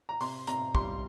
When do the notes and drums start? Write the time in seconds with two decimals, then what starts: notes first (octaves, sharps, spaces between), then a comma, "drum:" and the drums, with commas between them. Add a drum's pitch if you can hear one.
0.09 A#5
0.21 C3 C6, drum: open hi-hat
0.47 C3 A#5, drum: hi-hat
0.75 G3 C6, drum: kick